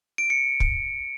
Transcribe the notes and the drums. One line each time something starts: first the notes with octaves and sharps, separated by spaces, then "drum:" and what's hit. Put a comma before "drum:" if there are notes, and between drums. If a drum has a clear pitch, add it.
D7
C#7
drum: kick